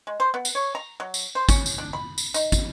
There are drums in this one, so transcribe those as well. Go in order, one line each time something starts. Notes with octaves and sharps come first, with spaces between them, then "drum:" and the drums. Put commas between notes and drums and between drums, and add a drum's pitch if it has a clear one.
G#3
C5
B3
drum: tambourine
C#5
A#5
F#3
drum: tambourine
C5
C#4, drum: kick, tambourine
drum: tambourine
D4
B5
drum: tambourine
D#4, drum: tambourine
drum: kick, tambourine